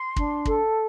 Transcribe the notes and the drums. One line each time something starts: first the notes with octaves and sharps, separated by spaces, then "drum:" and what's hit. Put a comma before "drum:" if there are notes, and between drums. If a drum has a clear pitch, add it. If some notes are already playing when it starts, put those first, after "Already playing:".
Already playing: C6
D4, drum: kick
A4, drum: kick